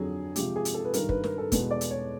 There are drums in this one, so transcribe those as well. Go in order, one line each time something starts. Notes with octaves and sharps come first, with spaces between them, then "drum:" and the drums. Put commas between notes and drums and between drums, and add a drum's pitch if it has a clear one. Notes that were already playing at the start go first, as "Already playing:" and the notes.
Already playing: F2 D3 F#3 G#4
C3 F3 G#3 G4, drum: hi-hat
G#4
drum: hi-hat
A4
B4
G2 D#3 G3 A#4, drum: hi-hat
B4, drum: kick
A#4, drum: snare
A4
E2 B2 G#3 B4, drum: kick, hi-hat
D5
drum: hi-hat
C#5